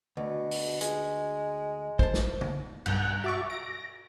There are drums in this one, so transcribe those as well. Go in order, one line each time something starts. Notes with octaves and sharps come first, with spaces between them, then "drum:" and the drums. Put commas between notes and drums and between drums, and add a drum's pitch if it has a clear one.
D2 B2
drum: open hi-hat
G#3, drum: hi-hat
C5 A5, drum: kick
drum: snare
drum: tom D3
B1 G2 F#5 G6, drum: cymbal
F#4 E5 C#6 D6 A6
A#6 D7